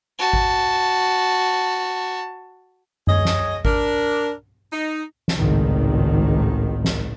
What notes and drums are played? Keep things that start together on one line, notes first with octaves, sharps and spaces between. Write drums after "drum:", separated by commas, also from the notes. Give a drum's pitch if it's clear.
F#4 A5
drum: kick G#1
G#4 C#5 D#5, drum: tom F#2
drum: snare
D4 A#4, drum: kick G#1
D#4
drum: snare
G#1 C#2 A2 D#3
drum: snare